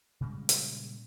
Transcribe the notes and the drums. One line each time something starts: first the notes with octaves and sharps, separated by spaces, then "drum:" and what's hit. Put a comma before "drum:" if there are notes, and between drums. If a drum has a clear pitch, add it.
A#2 C#3 G3 G#3
drum: hi-hat